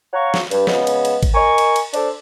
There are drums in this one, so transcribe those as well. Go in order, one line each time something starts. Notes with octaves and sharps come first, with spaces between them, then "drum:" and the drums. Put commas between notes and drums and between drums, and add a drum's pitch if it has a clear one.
C#5 F5 F#5 A#5 C#6
drum: snare
G2, drum: cymbal
C#3 G#3 B3, drum: snare
drum: cymbal
drum: cymbal
drum: kick G#1, cymbal
A#4 D#5 G#5 C#6
drum: cymbal
drum: cymbal
D4 A4 C5 D5, drum: cymbal